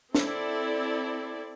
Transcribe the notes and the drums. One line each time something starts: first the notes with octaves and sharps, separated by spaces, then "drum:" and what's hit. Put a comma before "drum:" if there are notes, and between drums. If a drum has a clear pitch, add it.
C4 E4 A4 D5, drum: snare